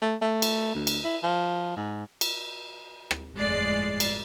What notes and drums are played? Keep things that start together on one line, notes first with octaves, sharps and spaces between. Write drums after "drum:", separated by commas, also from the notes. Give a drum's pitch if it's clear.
A3
A3
drum: cymbal
D2
drum: cymbal
E4
F3
G#2
drum: cymbal
drum: rim click
G1 F2 A2 G#3 D5 C7
drum: cymbal